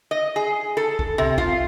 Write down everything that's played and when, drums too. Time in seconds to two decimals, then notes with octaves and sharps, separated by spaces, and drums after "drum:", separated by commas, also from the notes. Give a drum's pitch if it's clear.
0.11 D#5
0.36 G#4
0.77 A4
0.99 drum: kick B1
1.18 C3
1.38 F4, drum: kick B1